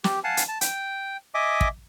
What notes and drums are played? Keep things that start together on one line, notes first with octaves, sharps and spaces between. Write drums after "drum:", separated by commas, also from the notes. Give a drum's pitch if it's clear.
G4, drum: snare
F5 F#5 G#5 A5
drum: hi-hat
A5
G5, drum: hi-hat
D#5 E5 G#5 D6
drum: kick